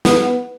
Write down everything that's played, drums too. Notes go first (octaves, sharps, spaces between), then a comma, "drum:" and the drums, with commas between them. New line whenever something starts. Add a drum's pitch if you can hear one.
B3, drum: snare